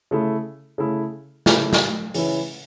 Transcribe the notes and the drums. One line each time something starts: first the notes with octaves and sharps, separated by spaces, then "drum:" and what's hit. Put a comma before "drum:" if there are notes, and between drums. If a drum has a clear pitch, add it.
C#3 A3 E4
C#3 A3 E4
C#3 A3 E4, drum: snare
drum: snare
C#3 E3 C#4 E4, drum: open hi-hat